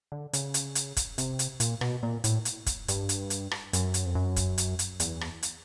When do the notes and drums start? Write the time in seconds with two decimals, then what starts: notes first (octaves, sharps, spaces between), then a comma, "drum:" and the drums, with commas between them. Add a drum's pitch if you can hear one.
0.12 D3
0.33 C#3, drum: hi-hat
0.54 drum: hi-hat
0.75 drum: hi-hat
0.97 drum: kick, hi-hat
1.18 C3, drum: hi-hat
1.39 drum: hi-hat
1.60 A#2, drum: hi-hat
1.81 B2, drum: rim click
2.03 A#2
2.24 A2, drum: hi-hat
2.45 drum: hi-hat
2.66 drum: kick, hi-hat
2.88 G2, drum: hi-hat
3.09 drum: hi-hat
3.30 drum: hi-hat
3.51 drum: rim click
3.73 F#2, drum: hi-hat
3.94 drum: hi-hat
4.06 F2
4.15 F#2
4.36 drum: kick, hi-hat
4.58 drum: hi-hat
4.79 drum: hi-hat
5.00 E2, drum: hi-hat
5.21 drum: rim click
5.43 drum: hi-hat